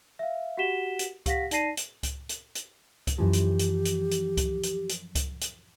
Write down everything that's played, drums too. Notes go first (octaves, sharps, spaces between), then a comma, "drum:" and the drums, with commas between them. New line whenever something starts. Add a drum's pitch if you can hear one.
E5 F5
F#4 G4 F#5 B6 E7 G7
drum: hi-hat
G4 F5 F#5 A#6 B6, drum: kick C#2, hi-hat
D#4 D5 A5 A#6 C7 D#7, drum: hi-hat
drum: hi-hat
drum: kick C#2, hi-hat
drum: hi-hat
drum: hi-hat
drum: kick C#2, hi-hat
F#2 E3 F3 G4
drum: hi-hat
drum: hi-hat
drum: hi-hat
drum: hi-hat
drum: kick C#2, hi-hat
drum: hi-hat
drum: hi-hat
drum: kick C#2, hi-hat
drum: hi-hat